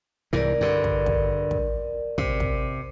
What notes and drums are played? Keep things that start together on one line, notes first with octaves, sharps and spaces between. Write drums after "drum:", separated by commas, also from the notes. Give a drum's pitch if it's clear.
C2 G#2 E3 A#4 D5
G2 D3
drum: kick
drum: kick
drum: kick
C3, drum: kick
drum: kick